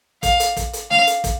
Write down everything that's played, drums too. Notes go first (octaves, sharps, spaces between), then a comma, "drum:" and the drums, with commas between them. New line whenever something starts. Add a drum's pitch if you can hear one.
F5, drum: kick, hi-hat
drum: hi-hat
drum: kick, hi-hat
drum: hi-hat
F5, drum: snare
drum: hi-hat
drum: kick, hi-hat